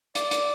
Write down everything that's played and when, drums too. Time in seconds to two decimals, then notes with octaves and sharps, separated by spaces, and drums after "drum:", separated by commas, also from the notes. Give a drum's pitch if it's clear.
0.15 D5, drum: hi-hat
0.31 drum: hi-hat